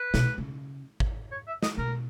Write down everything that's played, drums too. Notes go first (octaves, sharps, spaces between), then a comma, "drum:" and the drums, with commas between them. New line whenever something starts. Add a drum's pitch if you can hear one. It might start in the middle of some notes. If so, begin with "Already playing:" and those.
Already playing: B4
B2, drum: snare
C#3
drum: kick G#1
C#5
E5
D#5, drum: snare
B2 A#4